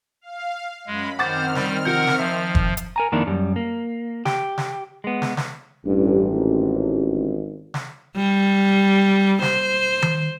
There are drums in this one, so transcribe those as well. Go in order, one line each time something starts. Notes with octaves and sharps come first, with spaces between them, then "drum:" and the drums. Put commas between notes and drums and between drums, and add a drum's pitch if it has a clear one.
F5
F#2 G#3 B5
D#3 C4 C5 F#5 D6 F6 A6
G3, drum: snare
C3 F3 A#4 F#5 G6
drum: snare
F3 E5
drum: kick
drum: hi-hat
A#4 G#5 A#5
F2 D#3 A#3 D4 E4
F#2 G3
A#3
G4, drum: snare
drum: snare
G#3 B3
drum: snare
drum: snare
A1 G2
G#1
drum: snare
G3
C5, drum: snare
drum: tom D#3